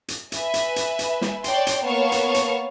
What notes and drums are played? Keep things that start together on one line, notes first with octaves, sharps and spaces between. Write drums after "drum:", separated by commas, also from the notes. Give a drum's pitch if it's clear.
drum: hi-hat
B4 E5 G#5, drum: hi-hat
drum: hi-hat
drum: hi-hat
drum: hi-hat
drum: snare
C#5 D5 G5 A5 C6, drum: hi-hat
drum: hi-hat
A#3 B3 C#5 F5 A5 C#6
drum: hi-hat
drum: hi-hat